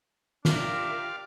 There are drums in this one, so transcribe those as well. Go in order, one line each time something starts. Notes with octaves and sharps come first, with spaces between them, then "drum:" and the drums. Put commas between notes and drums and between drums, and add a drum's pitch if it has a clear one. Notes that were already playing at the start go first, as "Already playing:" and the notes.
D4 F4 G4 A#4 D5 E5 F5, drum: snare